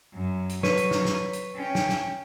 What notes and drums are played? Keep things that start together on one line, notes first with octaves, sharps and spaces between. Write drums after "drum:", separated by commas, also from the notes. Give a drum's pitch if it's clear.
F#2
drum: hi-hat
F#3 B4 C#5, drum: snare
drum: hi-hat
drum: snare
drum: snare
drum: hi-hat
C#4 G5
drum: snare
drum: snare